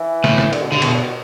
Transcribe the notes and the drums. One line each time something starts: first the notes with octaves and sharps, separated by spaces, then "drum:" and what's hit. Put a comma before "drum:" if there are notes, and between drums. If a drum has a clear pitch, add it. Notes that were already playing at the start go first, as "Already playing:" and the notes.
Already playing: E3
A2, drum: snare
drum: snare
D3, drum: cymbal
B2
G2 D3
E2 B2, drum: cymbal
G2
B2